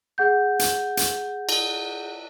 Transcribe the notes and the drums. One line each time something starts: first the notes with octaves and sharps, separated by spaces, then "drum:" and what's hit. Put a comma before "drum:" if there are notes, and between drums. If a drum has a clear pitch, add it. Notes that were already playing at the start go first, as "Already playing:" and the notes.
G#4 F#5 G6
drum: hi-hat
drum: hi-hat
drum: cymbal